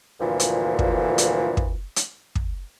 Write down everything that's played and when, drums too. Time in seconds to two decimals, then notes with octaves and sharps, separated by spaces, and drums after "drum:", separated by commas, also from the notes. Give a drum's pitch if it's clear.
0.20 D2 G2 A#2 D3 E3 F3
0.40 drum: hi-hat
0.79 drum: kick
1.18 drum: hi-hat
1.57 drum: kick
1.96 drum: hi-hat
2.35 drum: kick